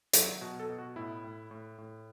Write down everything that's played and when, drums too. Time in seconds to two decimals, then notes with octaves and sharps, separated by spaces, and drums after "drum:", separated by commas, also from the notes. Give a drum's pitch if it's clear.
0.13 F#3, drum: hi-hat
0.41 B2 F#4
0.60 A4
0.69 B2
0.78 F#4
0.96 A2 E4
1.24 A2
1.51 A2
1.78 A2